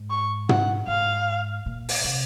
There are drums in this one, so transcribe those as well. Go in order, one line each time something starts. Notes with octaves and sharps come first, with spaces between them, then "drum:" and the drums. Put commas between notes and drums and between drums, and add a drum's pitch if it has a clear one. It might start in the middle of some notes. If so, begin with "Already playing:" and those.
Already playing: G#2
C#6
F#5, drum: tom
G#2 F5
A#2
drum: open hi-hat
C3